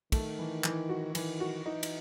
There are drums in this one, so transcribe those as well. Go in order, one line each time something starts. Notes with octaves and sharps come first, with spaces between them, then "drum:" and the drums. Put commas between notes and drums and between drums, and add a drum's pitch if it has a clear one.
D#3 A3, drum: kick, cymbal
E3
E3, drum: clap
F#4
D#3 E3, drum: cymbal
F#4
E3 D#4
drum: cymbal